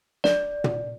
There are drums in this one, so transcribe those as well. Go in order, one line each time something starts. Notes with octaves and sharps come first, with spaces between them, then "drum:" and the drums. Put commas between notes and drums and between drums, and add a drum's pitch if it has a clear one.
D5, drum: snare
drum: tom